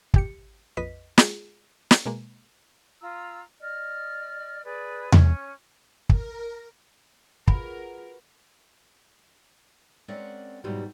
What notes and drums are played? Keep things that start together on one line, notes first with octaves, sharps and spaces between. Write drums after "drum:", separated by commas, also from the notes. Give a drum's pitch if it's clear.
G#1 G4 C#7, drum: kick
A#1 F2 B4 D#5 B6
G#3 F4 G#4, drum: snare
drum: snare
B2 G#3 A#3
F4 A#5 E6
D5 D#5 F6
G#4 B4 D5
C#4 C#5, drum: tom E2
A#4, drum: kick
F4 F#4 G#4 A#4 B4 B5, drum: kick
G#3 C4 C#4 A#4 D5 F#5
G#2 B2 E3 F#3 G3